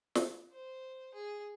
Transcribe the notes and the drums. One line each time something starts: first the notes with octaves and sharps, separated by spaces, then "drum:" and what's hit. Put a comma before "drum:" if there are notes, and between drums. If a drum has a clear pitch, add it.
drum: snare
C5
G#4